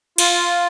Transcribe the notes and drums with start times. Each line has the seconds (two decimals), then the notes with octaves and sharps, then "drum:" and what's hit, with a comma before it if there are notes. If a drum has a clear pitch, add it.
0.18 F4, drum: cymbal